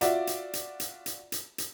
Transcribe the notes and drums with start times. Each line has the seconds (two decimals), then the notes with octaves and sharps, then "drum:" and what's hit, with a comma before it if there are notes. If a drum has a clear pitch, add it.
0.01 F4 F#4 D5 E5 F#5, drum: hi-hat
0.27 drum: hi-hat
0.53 drum: hi-hat
0.80 drum: hi-hat
1.06 drum: hi-hat
1.32 drum: hi-hat
1.58 drum: hi-hat